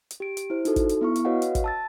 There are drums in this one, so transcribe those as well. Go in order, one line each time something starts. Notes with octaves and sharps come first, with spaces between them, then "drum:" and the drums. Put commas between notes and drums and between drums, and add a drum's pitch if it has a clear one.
drum: hi-hat
G4 D7
drum: hi-hat
E4 C5
D#4 F#4 A4, drum: hi-hat
drum: kick, hi-hat
drum: hi-hat
B3 E4 C#6
drum: hi-hat
F#4 B4 C#5 D#5 F5 F#5
drum: hi-hat
drum: kick, hi-hat
A5 E6 A6